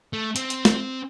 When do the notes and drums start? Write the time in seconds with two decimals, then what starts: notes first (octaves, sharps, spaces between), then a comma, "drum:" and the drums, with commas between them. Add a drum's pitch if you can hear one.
0.13 A3
0.36 C4, drum: hi-hat
0.50 drum: hi-hat
0.65 drum: snare